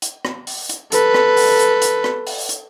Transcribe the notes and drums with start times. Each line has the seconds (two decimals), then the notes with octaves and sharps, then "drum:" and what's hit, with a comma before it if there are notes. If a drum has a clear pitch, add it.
0.02 drum: hi-hat
0.25 drum: rim click
0.47 drum: open hi-hat
0.69 drum: hi-hat
0.92 A4 B4, drum: hi-hat
1.14 drum: rim click
1.37 drum: open hi-hat
1.59 drum: hi-hat
1.82 drum: hi-hat
2.04 drum: rim click
2.27 drum: open hi-hat
2.49 drum: hi-hat